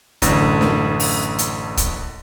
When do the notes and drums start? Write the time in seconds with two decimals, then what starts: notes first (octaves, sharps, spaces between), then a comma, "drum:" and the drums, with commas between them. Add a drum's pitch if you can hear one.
0.22 A1 F#2 D3, drum: kick, hi-hat
0.61 drum: snare
1.00 drum: open hi-hat
1.38 drum: hi-hat
1.77 drum: kick, hi-hat